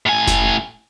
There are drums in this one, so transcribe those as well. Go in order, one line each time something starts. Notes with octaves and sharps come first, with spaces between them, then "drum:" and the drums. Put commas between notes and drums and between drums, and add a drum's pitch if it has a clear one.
A2 G#5
drum: snare F1